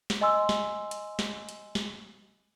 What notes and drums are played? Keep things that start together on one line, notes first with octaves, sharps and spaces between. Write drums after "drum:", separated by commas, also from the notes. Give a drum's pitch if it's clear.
drum: snare
D#5 G#5 C6 E6
drum: snare
drum: hi-hat
drum: snare
drum: hi-hat
drum: snare